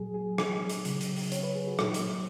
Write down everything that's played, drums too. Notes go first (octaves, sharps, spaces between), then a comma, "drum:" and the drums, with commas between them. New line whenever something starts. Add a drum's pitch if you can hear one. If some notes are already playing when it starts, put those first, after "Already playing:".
Already playing: A#2 F#3 G#4
G#4
G#4, drum: rim click
drum: hi-hat
C#3 F#3, drum: hi-hat
drum: hi-hat
drum: open hi-hat
C#5, drum: hi-hat
B4
G#4
F#4
A#2 F#3 D#4, drum: rim click
drum: hi-hat